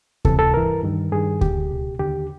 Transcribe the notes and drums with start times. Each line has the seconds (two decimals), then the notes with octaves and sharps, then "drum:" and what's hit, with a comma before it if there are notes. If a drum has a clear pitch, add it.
0.25 C2 C3 E3 A4, drum: kick D2
0.39 A4
0.54 G2 E3 A#4
0.83 G2 D#3
1.12 G2 D#3 G#4
1.41 D2 D3 G4, drum: kick D2
1.70 C#2 B2
1.99 D#2 D3 G4